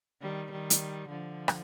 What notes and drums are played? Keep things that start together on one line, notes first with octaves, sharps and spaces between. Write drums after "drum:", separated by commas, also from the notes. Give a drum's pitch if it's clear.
D#3 G3
D#3 G3
drum: hi-hat
D3 F3
drum: rim click